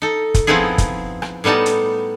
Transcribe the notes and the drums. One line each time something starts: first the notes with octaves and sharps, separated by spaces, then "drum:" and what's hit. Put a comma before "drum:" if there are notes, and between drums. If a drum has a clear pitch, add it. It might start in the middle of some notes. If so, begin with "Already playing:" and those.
D#4 A4
drum: kick, hi-hat
F3 B3 C4 D#4 E4 G#4
drum: kick, hi-hat
drum: rim click
A2 G3 B3 D#4 A5
drum: hi-hat